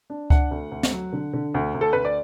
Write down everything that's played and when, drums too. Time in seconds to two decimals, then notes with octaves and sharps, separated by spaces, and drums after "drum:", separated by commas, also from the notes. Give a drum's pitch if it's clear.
0.10 D4
0.30 D4 F#5, drum: kick C#2
0.51 D2
0.71 D2
0.83 drum: snare
0.92 F#3
1.13 D3
1.33 D3
1.54 D2
1.74 D2
1.81 A4
1.93 D2 B4
2.05 D5